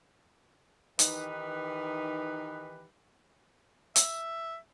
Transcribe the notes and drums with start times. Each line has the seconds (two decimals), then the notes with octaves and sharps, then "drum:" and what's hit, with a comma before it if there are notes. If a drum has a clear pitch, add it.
0.99 D#3 E3 D#4 G4 B4, drum: hi-hat
3.96 E5, drum: hi-hat